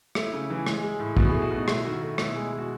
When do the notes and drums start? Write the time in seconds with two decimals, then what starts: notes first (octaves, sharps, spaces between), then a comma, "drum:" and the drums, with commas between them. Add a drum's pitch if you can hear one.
0.15 A3 E4, drum: rim click
0.33 C#3
0.50 E3
0.67 G#3, drum: rim click
0.84 G#3
1.00 A2
1.17 B2 F#4, drum: kick
1.30 A3 G#4
1.42 F#4
1.51 B2 D#4
1.68 A3 E4, drum: rim click
1.85 D#3 F#4
2.01 A3 E4
2.18 B2 E4, drum: rim click
2.35 G#3
2.52 G#3
2.58 F#4